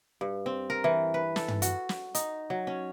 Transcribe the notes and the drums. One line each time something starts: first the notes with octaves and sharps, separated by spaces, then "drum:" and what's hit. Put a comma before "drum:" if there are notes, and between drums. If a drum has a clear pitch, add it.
G2
C4
A#4
E3
B4
A4, drum: snare
drum: tom
F#4, drum: hi-hat
drum: snare
D#4, drum: hi-hat
F#3
C#4